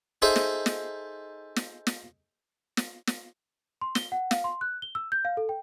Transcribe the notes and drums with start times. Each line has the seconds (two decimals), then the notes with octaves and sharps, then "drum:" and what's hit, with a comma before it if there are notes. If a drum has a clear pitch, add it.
0.22 D#4 G#4 A4 C5 E5
0.36 drum: snare
0.66 drum: snare
1.56 drum: snare
1.87 drum: snare
2.77 drum: snare
3.07 drum: snare
3.81 C6
3.95 G7, drum: snare
4.12 F#5
4.31 F5, drum: snare
4.44 C6
4.61 F#6
4.82 G7
4.95 E6
5.12 G6
5.25 F5
5.37 A4
5.49 G5